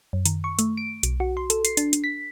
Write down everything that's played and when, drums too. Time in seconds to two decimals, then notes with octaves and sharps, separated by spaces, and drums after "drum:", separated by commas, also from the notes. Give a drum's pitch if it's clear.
0.13 F#2
0.25 D#3, drum: hi-hat
0.44 C#6
0.59 A3, drum: hi-hat
0.77 D7
1.03 B1, drum: hi-hat
1.20 F#4
1.37 C6
1.50 A4, drum: hi-hat
1.65 C7, drum: hi-hat
1.77 D4, drum: hi-hat
1.93 drum: hi-hat
2.04 B6